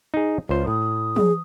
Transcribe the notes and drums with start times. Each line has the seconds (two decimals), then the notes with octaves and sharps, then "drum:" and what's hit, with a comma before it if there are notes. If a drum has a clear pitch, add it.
0.14 D#4 G#4
0.49 C#2 F4 C5
0.67 A2 D#6
1.16 G#4, drum: tom